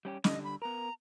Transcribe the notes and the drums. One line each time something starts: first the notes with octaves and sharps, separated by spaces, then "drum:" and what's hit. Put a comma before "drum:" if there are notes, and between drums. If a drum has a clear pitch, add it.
G3 C#4 G4
D3 G3 D#5, drum: snare
B5
B3 A#4 A#5